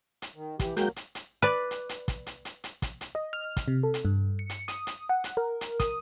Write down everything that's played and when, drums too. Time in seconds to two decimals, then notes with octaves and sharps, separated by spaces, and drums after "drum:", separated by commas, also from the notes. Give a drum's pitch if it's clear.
0.22 drum: hi-hat
0.35 D#3
0.60 E3 G4, drum: kick, hi-hat
0.77 F#3 G#3 A#3 F#4 A#4 G5, drum: hi-hat
0.96 drum: hi-hat
1.15 drum: hi-hat
1.42 B4 D5
1.71 drum: hi-hat
1.89 drum: hi-hat
2.08 drum: kick, hi-hat
2.26 drum: hi-hat
2.45 drum: hi-hat
2.64 drum: hi-hat
2.82 drum: kick, hi-hat
3.01 drum: hi-hat
3.15 D#5
3.33 F6
3.57 drum: kick, hi-hat
3.68 C3
3.83 A4
3.94 drum: hi-hat
4.05 G2
4.39 C#7
4.49 drum: hi-hat
4.68 D#6, drum: hi-hat
4.87 drum: hi-hat
5.09 F#5
5.24 drum: hi-hat
5.37 A#4
5.61 drum: hi-hat
5.80 D#6, drum: kick, hi-hat